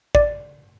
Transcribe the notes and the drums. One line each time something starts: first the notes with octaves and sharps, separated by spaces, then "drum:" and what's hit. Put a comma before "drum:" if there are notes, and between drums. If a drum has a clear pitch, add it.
D5, drum: kick